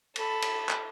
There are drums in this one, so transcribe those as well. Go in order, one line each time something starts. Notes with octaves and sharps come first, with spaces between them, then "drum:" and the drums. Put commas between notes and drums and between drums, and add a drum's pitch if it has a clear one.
A4 B5, drum: cymbal
drum: cymbal
drum: clap